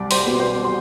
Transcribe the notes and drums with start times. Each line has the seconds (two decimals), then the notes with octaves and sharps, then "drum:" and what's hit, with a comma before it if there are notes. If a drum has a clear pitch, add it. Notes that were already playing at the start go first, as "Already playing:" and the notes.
Already playing: C2 D5 D6
0.11 C5 C6, drum: open hi-hat
0.26 B2 B3
0.40 C5 C6
0.65 C6